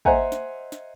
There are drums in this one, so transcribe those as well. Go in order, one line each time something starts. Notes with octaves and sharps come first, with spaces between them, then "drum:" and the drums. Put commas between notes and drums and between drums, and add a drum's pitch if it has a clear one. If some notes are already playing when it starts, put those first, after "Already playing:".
C5 D#5 E5 F#5 G#5 A#5, drum: kick
drum: snare
drum: snare